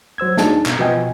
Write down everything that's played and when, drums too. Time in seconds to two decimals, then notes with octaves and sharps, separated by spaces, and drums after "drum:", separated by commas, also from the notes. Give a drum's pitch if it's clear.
0.18 F#3 C5 E6 G#6
0.38 D4 D#4 G#4 A5, drum: snare
0.66 B2, drum: clap
0.79 B2 F3 B3 D#5 G5 G#5